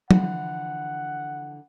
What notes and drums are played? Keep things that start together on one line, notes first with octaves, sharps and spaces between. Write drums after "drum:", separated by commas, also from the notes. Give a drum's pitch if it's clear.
D3 E3 F3 F#5, drum: tom